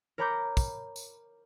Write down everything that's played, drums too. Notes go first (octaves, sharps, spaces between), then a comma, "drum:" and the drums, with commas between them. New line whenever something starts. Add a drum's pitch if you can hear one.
A#4 C#5 A#5 B5 D6 G6
drum: kick, tambourine
drum: tambourine